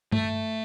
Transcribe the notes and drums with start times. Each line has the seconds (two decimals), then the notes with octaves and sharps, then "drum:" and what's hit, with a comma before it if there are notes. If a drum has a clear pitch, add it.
0.12 A3, drum: tom G2